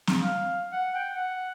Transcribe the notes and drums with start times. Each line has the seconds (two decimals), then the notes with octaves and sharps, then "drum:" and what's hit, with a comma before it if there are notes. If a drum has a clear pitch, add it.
0.07 drum: snare
0.20 F5
0.72 F#5
0.95 G5
1.16 F#5